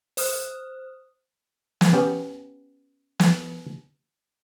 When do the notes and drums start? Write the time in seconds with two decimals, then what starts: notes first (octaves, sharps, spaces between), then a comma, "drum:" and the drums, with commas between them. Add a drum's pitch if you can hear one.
0.17 C5 D#6 F6 F#6, drum: open hi-hat
1.81 drum: snare
1.93 B3 C#4 G4
3.20 drum: snare